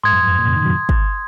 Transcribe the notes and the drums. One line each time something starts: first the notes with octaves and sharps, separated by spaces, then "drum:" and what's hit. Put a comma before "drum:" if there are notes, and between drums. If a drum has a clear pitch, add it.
G#2 C6 D#6 G#6
F#2
F2
A#2
C#3
D#3
F#3
drum: kick